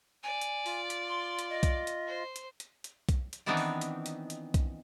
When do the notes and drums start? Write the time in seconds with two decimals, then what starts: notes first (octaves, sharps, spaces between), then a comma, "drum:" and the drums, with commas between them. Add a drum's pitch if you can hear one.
0.23 D5 G#5
0.41 drum: hi-hat
0.66 F4, drum: open hi-hat
0.90 drum: hi-hat
1.08 C6
1.39 drum: hi-hat
1.50 D#5
1.63 drum: kick B1, hi-hat
1.87 drum: hi-hat
2.07 C5
2.36 drum: hi-hat
2.60 drum: hi-hat
2.84 drum: hi-hat
3.09 drum: kick B1, hi-hat
3.33 drum: hi-hat
3.46 D#3 E3 B3 C4 D4 D#4
3.57 drum: open hi-hat
3.81 drum: hi-hat
4.06 drum: hi-hat
4.30 drum: hi-hat
4.54 drum: kick B1, hi-hat